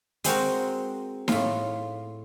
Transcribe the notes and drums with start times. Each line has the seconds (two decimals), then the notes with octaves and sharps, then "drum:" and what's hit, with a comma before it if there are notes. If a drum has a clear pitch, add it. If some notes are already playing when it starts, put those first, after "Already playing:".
0.24 G#3 C4 F#4 A#4, drum: hi-hat
1.28 A2 F4, drum: snare D#4